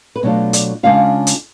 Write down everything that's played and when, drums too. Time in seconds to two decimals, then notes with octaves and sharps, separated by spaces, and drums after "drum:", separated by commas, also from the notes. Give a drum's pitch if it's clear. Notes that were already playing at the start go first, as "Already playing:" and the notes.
0.16 B4
0.23 B2 F#3 A3 D4 F4 C#5
0.53 D5, drum: hi-hat
0.83 C#3 F3 G#3 D4 F4 F5
1.27 drum: hi-hat